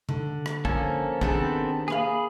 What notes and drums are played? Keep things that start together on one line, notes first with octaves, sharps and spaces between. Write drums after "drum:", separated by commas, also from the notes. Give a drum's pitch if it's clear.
D3, drum: tom C3
drum: rim click
F3 A#3 C#4 A4, drum: kick
C3 D#3 B3 C4 D4 G#4 A4, drum: kick
A#3 G#4 C#5 F5 B5